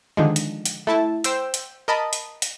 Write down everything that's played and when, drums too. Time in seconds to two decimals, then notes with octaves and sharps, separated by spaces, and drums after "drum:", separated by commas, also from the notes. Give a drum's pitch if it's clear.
0.17 D3 D#3 F3 G#3
0.36 drum: hi-hat
0.65 drum: hi-hat
0.87 A3 E4 A5
1.24 C5 G5 E6, drum: hi-hat
1.54 drum: hi-hat
1.88 A#4 D#5 A5 B5
2.13 drum: hi-hat
2.42 drum: hi-hat